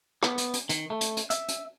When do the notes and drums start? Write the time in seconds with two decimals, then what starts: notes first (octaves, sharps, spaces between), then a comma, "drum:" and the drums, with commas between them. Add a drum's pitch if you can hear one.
0.23 B3, drum: rim click
0.38 drum: hi-hat
0.54 drum: hi-hat
0.69 D#3, drum: hi-hat
0.90 A3
1.01 drum: hi-hat
1.17 drum: hi-hat
1.30 E5, drum: hi-hat
1.48 drum: hi-hat